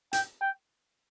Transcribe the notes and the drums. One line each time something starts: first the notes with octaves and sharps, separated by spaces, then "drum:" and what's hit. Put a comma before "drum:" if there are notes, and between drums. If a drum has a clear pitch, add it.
G5, drum: hi-hat
G5